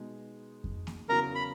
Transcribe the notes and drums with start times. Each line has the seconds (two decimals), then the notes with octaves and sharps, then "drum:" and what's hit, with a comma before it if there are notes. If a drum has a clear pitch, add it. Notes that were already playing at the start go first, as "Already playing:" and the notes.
Already playing: B2 G#3 D#4
0.64 drum: kick F2
0.87 drum: snare A#3
1.09 E2 C#3 F#3 A#4 A#5
1.35 B5